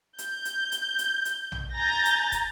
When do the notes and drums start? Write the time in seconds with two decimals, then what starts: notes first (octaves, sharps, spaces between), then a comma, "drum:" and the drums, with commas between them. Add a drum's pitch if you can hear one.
0.18 G6, drum: hi-hat
0.45 drum: hi-hat
0.72 drum: hi-hat
0.98 drum: hi-hat
1.25 drum: hi-hat
1.52 drum: tom A#1
1.75 G#5 A#5 G6 A6 A#6
2.05 drum: hi-hat
2.32 drum: kick, hi-hat